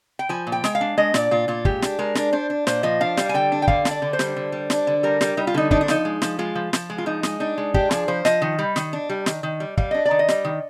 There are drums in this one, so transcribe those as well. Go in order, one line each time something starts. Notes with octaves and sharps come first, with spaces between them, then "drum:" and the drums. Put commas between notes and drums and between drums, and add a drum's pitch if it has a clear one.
G5
F3 G#5
A#2
G5
G#3, drum: snare
F5
D4
G#3 D#5
A#2 D5, drum: snare
A#2 F4
A#2 F4
G#3 G4, drum: kick
D4, drum: snare
G#3 A#4
D4, drum: snare
D4 C5
D4
A#2 C5, drum: snare
F3 D#5
D4 F5
G3, drum: snare
G#5
D3 G5
D4
G5
D3 F5, drum: kick
D4, drum: snare
D5
D3
C5
G3, drum: snare
D3
G3
D4, drum: snare
D3
G3 A#4
G3, drum: snare
G3 D#4
F4
D3 D#4
D4 D#4, drum: kick
D4
F3 D#4, drum: snare
G#3
F3, drum: snare
G#3 F4
F3
F3, drum: snare
G#3
F4
F3 D#4
G#3, drum: snare
D4 D#4
G#3
D4 G4, drum: kick
F3 G#4, drum: snare
F3 C5
F3 D#5, drum: snare
D#3
G3
D#3, drum: snare
D4
G3
D#3, drum: snare
D#3
G3
G3 F5, drum: kick
D4 D#5
D5
D#3
D#5
G3, drum: snare
D#3